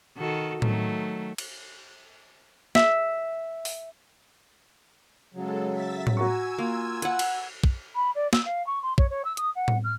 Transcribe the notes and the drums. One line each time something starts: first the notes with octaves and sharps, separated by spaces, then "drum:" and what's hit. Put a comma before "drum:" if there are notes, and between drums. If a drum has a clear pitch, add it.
D#3 F#4 A4
D#3 F#3 A3, drum: tom A2
drum: cymbal
E5, drum: snare
drum: open hi-hat
C#3 F#3 G#3 A4
E5 A6 B6
drum: tom A2
F#4 G#5 A#5 C#6 E6 G#6
A#3 F4
B4 F#5, drum: hi-hat
drum: cymbal
drum: kick
B5
D5
E6, drum: snare
F5
C#6
C6
C#5, drum: kick
C#5
E6
D#6, drum: hi-hat
F#5
drum: tom A2
F6